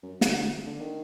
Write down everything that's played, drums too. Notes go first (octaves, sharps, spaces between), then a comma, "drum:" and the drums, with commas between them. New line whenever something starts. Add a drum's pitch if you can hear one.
F#2
D2, drum: snare
D3
D#3